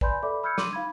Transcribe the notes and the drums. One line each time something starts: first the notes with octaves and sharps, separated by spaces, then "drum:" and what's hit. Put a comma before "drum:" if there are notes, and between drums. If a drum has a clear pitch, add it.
B4 D5 G#5 B5 C6 G6, drum: kick
A4 D5 E5 B5 D6
B5 E6 F6 G6 G#6 C#7
C6 D6 D#7, drum: snare
D#4 F5 B5 G#6